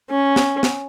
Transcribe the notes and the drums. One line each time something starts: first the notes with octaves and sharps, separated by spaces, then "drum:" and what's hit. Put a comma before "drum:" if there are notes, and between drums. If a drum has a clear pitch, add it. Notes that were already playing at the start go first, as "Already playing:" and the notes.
C#4
drum: snare
drum: snare